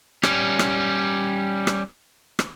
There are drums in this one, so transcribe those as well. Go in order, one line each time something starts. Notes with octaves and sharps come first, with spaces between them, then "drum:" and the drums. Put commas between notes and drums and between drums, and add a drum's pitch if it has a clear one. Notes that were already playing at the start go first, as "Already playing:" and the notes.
G3 C#4, drum: rim click
drum: rim click
drum: rim click
drum: rim click